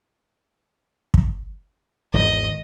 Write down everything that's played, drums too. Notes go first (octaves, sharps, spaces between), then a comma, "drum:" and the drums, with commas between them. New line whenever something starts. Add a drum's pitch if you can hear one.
drum: kick
G#1 E2 D#5